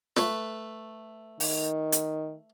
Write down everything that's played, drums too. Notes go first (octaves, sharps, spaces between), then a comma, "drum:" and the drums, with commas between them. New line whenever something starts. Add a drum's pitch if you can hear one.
A3 B4, drum: snare
D#3, drum: open hi-hat
drum: hi-hat